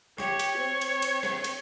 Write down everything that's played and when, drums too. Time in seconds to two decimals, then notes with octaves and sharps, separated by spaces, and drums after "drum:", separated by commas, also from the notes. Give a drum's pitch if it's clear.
0.18 G4 C#5, drum: rim click
0.39 drum: cymbal
0.57 C4
0.81 drum: cymbal
1.02 drum: cymbal
1.23 drum: rim click
1.44 drum: cymbal